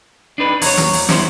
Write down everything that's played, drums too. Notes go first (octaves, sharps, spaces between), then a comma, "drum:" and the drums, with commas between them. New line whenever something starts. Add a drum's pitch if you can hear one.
D4 D#4 B4
E2 F#3 C#5, drum: open hi-hat
drum: snare
drum: open hi-hat
C#4 E4 C5, drum: snare